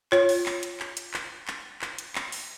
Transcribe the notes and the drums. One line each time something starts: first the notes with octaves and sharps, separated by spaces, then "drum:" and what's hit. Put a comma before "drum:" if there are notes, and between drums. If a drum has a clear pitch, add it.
F4 C#5, drum: clap
drum: open hi-hat
drum: clap
drum: hi-hat
drum: clap
drum: hi-hat
drum: clap
drum: clap
drum: clap
drum: hi-hat
drum: clap
drum: open hi-hat